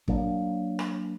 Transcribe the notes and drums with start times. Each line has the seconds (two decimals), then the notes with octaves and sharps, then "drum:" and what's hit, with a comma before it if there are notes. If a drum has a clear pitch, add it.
0.08 F#3 A#3 D4, drum: kick
0.79 drum: rim click